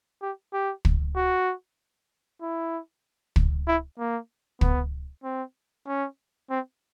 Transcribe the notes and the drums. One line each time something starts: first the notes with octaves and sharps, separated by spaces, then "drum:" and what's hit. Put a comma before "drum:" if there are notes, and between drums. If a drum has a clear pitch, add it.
G4
G4
drum: kick
F#4
E4
drum: kick
E4
A#3
B3, drum: kick
C4
C#4
C4